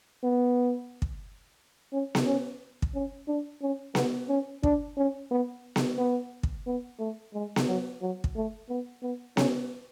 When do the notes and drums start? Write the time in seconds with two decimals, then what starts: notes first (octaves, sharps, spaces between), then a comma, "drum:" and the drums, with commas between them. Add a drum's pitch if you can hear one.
0.23 B3
1.02 drum: kick
1.92 C#4
2.15 drum: snare B3
2.26 C#4
2.82 drum: kick
2.94 C#4
3.28 D4
3.62 C#4
3.95 B3, drum: snare B3
4.29 C#4
4.63 D4, drum: kick
4.97 C#4
5.31 B3
5.76 drum: snare B3
5.98 B3
6.43 drum: kick
6.67 B3
6.99 A3
7.34 G#3
7.56 drum: snare B3
7.67 F#3
8.01 F#3
8.24 drum: kick
8.36 A3
8.69 B3
9.02 B3
9.37 C#4, drum: snare B3